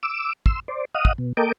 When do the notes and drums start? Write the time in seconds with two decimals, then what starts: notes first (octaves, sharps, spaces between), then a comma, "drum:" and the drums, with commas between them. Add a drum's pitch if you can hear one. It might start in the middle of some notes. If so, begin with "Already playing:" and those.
0.03 D6 E6
0.46 C6 E6, drum: kick
0.68 C5 D5
0.95 D#5 F5 F#5 D#6
1.05 drum: kick
1.18 B2
1.37 A#3 A4 A#4 D#5 G5 D6